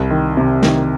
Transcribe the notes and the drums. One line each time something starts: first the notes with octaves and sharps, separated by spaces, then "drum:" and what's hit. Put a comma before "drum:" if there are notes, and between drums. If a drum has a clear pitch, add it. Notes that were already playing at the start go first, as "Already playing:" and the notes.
Already playing: C2
D#3
C3
D#3, drum: snare